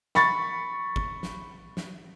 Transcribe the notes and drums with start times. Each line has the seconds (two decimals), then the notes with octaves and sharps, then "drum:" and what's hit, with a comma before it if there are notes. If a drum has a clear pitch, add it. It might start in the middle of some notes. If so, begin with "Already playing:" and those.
0.15 B5 C#6 A6, drum: snare
0.96 drum: kick G1
1.23 drum: snare
1.77 drum: snare